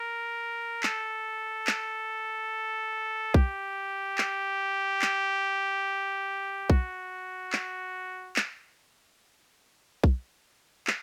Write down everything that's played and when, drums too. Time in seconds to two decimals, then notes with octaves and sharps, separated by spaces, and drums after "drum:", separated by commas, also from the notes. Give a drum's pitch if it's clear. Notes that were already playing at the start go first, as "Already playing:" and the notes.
Already playing: A#4
0.83 A4, drum: clap
1.67 drum: clap
3.34 G4, drum: kick B1
4.18 drum: clap
5.02 drum: clap
6.70 F#4, drum: kick B1
7.53 drum: clap
8.36 drum: clap
10.04 drum: kick B1
10.87 drum: clap